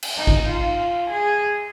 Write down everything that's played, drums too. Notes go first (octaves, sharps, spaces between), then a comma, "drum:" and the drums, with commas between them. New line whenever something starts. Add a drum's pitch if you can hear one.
drum: cymbal
D#4
drum: kick A1
F4
G#4